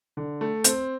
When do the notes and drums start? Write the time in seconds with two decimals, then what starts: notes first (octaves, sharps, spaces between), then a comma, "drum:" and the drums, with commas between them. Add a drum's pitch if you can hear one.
0.17 D3
0.41 A3
0.64 C4, drum: hi-hat